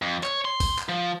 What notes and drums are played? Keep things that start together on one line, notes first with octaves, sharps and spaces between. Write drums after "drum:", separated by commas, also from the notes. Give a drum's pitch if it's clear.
F2
C#5, drum: clap
C6
drum: kick, open hi-hat
drum: clap
F3